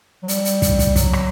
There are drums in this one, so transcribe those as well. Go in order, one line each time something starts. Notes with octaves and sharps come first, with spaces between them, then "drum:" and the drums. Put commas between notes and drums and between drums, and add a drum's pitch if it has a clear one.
F#3
G3, drum: hi-hat
drum: hi-hat
drum: kick, hi-hat
drum: kick, hi-hat
F#3, drum: kick, hi-hat
drum: rim click